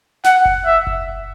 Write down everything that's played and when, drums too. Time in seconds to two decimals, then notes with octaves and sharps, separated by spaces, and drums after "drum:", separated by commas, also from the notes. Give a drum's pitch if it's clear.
0.25 F#5, drum: snare
0.45 drum: kick F#1
0.65 E5
0.87 drum: kick F#1